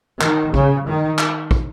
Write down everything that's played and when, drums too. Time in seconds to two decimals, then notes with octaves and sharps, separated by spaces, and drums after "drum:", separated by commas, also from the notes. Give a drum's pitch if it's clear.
0.21 D#3, drum: clap
0.54 C#3, drum: kick
0.86 D#3
1.18 drum: clap
1.51 drum: kick